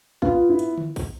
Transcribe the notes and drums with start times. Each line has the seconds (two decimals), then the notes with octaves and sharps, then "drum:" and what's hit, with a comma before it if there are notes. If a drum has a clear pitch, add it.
0.22 B3 F4, drum: kick
0.49 E4
0.59 drum: hi-hat
0.78 drum: tom D3
0.96 drum: kick, open hi-hat